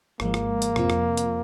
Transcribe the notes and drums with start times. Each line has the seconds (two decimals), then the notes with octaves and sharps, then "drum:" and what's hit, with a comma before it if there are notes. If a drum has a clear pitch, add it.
0.20 G#1 G#2 F3 G#3 A#3, drum: rim click
0.34 drum: rim click
0.62 drum: hi-hat
0.76 F2 C3 F3 C4 F4, drum: rim click
0.90 drum: rim click
1.17 drum: hi-hat